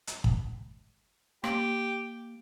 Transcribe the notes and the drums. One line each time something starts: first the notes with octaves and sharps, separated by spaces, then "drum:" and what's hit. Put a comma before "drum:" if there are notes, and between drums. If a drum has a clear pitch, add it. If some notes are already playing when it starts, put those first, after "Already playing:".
drum: hi-hat
drum: kick
A#3 G4, drum: rim click